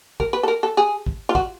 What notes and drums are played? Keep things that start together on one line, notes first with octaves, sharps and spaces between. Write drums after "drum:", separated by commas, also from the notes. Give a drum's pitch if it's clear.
A#4, drum: kick
B4
A4
A#4
A4
G#4
drum: kick
F4
F#4, drum: kick